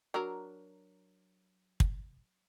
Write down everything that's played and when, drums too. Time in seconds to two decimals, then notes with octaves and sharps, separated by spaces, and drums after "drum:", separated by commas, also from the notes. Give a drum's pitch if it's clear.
0.14 F#3 D4 A#4
1.80 drum: kick